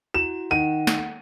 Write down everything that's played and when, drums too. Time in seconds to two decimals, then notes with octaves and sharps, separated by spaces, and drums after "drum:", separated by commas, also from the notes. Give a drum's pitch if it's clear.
0.14 E4 F#4 E7
0.51 D#3 F#5 D#7
0.87 drum: snare